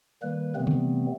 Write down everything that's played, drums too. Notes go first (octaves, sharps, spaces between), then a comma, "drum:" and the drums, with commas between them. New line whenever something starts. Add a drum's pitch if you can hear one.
D#3 G3 A#3 B4
C3 E3 G3 A3 B3 C4
drum: tom C#3